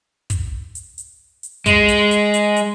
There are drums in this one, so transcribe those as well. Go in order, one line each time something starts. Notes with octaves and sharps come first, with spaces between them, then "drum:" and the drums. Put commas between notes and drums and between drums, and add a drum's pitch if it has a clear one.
drum: kick, hi-hat
drum: hi-hat
drum: hi-hat
drum: hi-hat
G#3, drum: kick, hi-hat
drum: hi-hat
drum: hi-hat
drum: hi-hat
drum: hi-hat